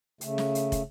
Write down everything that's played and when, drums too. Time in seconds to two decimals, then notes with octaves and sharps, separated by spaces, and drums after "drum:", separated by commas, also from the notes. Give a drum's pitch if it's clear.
0.21 C#3 A3, drum: hi-hat
0.38 drum: snare
0.55 drum: hi-hat
0.72 drum: kick, hi-hat